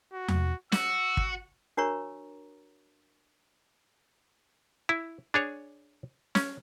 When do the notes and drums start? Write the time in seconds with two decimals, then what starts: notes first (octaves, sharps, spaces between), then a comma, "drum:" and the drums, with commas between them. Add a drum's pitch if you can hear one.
0.13 F#4
0.28 drum: tom E2
0.72 F#4 E6, drum: snare
1.17 drum: kick
1.77 D4 F#4 A#4 C#5 A#5 C#6
4.89 E4
5.34 D4 G#4 C#5
6.35 C#4, drum: snare